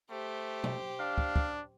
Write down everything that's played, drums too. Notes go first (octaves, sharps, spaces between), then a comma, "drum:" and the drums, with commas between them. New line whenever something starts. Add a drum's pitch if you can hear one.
A3 G4 C5
drum: tom B2
D4 F5
drum: kick
drum: kick